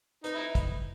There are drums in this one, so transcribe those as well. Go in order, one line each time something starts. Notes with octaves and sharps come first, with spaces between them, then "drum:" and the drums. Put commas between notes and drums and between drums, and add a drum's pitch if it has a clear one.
D#4 B4, drum: hi-hat
E4
drum: kick, hi-hat